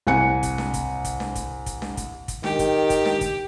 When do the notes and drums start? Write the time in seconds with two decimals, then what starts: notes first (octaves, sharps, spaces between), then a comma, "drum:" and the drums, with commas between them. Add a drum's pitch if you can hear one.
0.07 C2 G#5 F#6 C#7
0.43 drum: kick, hi-hat
0.58 drum: snare D4
0.74 drum: kick, hi-hat
1.05 drum: kick, hi-hat
1.20 drum: snare D4
1.35 drum: kick, hi-hat
1.66 drum: kick, hi-hat
1.82 drum: snare D4
1.97 drum: kick, hi-hat
2.28 drum: kick, hi-hat
2.44 D#3 G4, drum: snare D4
2.59 drum: kick, hi-hat
2.90 drum: kick, hi-hat
3.05 drum: snare D4
3.21 drum: kick, hi-hat